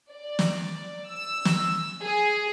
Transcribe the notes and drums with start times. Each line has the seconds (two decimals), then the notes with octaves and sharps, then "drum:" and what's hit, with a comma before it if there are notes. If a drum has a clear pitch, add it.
0.12 D5
0.39 drum: snare
1.09 E6
1.45 drum: snare
2.02 G#4